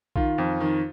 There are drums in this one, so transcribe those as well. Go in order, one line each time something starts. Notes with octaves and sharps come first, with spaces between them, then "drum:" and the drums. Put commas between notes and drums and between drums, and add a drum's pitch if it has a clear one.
D#3 F4, drum: kick A#1
F2
D#3